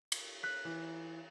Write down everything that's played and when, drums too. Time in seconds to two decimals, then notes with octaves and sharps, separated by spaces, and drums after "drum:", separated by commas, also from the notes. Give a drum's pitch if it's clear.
0.12 drum: cymbal
0.43 F#6 B6
0.65 E3